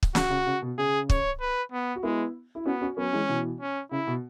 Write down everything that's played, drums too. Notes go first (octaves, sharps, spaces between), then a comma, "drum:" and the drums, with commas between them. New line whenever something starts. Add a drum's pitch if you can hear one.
drum: kick
C#3 F#4, drum: snare
C#3
C#3
B2
C#3 G#4
C#5, drum: kick
B4
B3
F#4
G#3 B3 E4
E4
B3 C#4 F#4
C#4 F#4
F#3 B3 C#4
E3 G#3
B2 E3
C#4
C#3 E4
B2